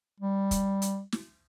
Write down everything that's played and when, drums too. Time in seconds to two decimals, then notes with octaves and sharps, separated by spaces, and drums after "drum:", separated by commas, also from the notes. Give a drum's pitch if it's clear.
0.20 G3
0.51 drum: kick, hi-hat
0.82 drum: hi-hat
1.12 drum: snare